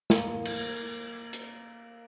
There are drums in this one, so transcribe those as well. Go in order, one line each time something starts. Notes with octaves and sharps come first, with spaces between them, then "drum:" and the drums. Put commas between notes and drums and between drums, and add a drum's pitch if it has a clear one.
A#3 A#5, drum: snare
drum: cymbal
drum: hi-hat